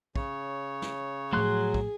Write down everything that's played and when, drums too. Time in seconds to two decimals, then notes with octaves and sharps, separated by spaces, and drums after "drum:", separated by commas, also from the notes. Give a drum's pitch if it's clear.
0.16 C#3 C#5, drum: kick
0.82 drum: snare
1.33 A2 F3 F#3 A3 G#4 C6 F#6
1.74 drum: kick